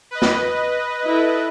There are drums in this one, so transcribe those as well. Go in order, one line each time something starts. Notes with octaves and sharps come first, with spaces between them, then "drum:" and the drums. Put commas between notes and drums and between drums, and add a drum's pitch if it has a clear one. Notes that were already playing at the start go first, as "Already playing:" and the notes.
B4 D#5
drum: snare
E4 A4